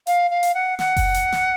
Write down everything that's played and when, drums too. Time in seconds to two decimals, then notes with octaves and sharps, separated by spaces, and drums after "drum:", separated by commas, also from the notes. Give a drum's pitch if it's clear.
0.07 F5, drum: hi-hat
0.31 F5
0.43 drum: hi-hat
0.55 F#5
0.79 F#5, drum: snare
0.97 drum: kick F#1, open hi-hat
1.14 drum: hi-hat
1.32 drum: snare